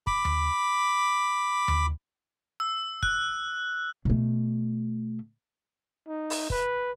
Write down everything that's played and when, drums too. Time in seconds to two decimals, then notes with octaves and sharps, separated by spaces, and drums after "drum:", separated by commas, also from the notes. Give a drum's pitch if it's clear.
0.07 B5 D6, drum: kick
0.25 drum: tom D#2
1.68 drum: tom D#2
2.60 E6
3.03 F#6, drum: kick
4.05 B2 A3
6.07 D#4
6.30 drum: open hi-hat
6.50 B4, drum: kick